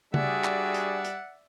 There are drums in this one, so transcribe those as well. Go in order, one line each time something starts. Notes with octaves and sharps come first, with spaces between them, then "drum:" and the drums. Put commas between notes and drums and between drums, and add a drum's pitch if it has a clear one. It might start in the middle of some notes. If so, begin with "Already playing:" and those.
G3 D4 F#4 G#4 D5 E5 F#5, drum: tom C#3
drum: clap
drum: hi-hat
drum: hi-hat